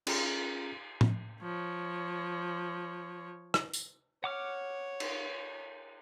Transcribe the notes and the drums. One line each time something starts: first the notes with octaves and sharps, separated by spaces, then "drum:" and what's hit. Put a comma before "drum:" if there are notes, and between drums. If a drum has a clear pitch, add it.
C#4 F4 G#4 A#5 F6, drum: cymbal
drum: tom A2
F3 C#5
drum: rim click
drum: tambourine
C#5 F#5 D6 F6
drum: cymbal